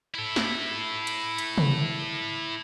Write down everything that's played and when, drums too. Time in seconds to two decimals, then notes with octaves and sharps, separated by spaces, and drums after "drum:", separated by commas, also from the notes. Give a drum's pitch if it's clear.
0.15 E4 A4
0.36 drum: snare
1.07 drum: hi-hat
1.38 drum: hi-hat
1.58 drum: tom C3